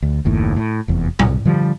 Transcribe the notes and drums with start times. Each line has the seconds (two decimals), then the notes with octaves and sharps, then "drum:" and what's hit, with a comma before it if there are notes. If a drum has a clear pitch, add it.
0.02 D2
0.25 F#1 D#2 A2
0.56 A2
0.88 F1 E2
1.19 C2, drum: tom
1.45 D3 F3 G3